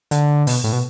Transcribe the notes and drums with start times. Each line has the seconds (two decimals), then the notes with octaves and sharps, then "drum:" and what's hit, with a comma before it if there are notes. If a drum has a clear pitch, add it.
0.11 D3, drum: hi-hat
0.47 B2, drum: open hi-hat
0.64 A2
0.73 B2